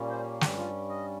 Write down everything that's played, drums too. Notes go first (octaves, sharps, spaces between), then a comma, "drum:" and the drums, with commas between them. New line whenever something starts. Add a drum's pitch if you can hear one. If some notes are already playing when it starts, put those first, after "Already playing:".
Already playing: A#2 G3 A#3 C#4
C5
G2 G3 C#4 G4, drum: snare
F4
D#5